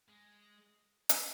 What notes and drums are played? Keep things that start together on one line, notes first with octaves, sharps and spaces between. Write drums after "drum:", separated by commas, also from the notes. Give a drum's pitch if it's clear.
G#3
drum: hi-hat